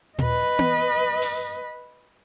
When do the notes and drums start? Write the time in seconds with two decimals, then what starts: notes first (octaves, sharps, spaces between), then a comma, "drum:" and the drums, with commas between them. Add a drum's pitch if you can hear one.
0.19 B4 D#5, drum: tom A#2
0.59 drum: tom B3
1.22 drum: open hi-hat